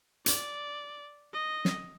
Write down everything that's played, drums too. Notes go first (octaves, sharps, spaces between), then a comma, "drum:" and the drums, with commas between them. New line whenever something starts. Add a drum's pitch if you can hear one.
D5, drum: hi-hat
D#5
drum: snare